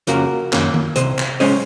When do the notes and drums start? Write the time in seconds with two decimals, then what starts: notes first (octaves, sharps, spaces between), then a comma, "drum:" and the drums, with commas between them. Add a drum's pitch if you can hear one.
0.07 F2 C#3 F3 A#3 C#4 F#4 A#4, drum: hi-hat
0.53 F#2 D#3 A#3 C#4, drum: clap
0.74 drum: tom D#3
0.96 C2 C3 C5 D#5, drum: hi-hat
1.18 drum: clap
1.40 C#3 G#3 C#4 C5 D#5, drum: open hi-hat